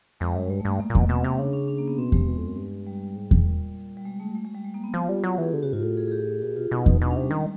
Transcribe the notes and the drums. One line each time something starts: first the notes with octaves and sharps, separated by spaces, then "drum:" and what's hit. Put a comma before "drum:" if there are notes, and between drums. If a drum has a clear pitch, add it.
F2 G#3
F#2 G3
G2 G#3
A3
G2
G#3
A#3
A#2
B2 A#3, drum: kick E2
B2 C4
C3 C#4
C#3 D4
C#4
C#4
A#3
B3
B2 C4
C3 G#3, drum: kick E2
B2
F2
F#2
G2
G3
G#2
drum: kick E2
A#2
G3
B2 G#3
C#3 A3
G3
F#3 G#3
G#3
G3
G#3
A#3
B3
F3 F4
G3
F#3 G4
G4
E3 G#4
D3 G4
C#3 F#4
G#2 F4
A2 F#4
G#4
G#4
G4
A#2 F#4
B2 F4
B2 D#4
drum: kick E2
B2 D4
C#4
C3 G3
D#3 G#3
G3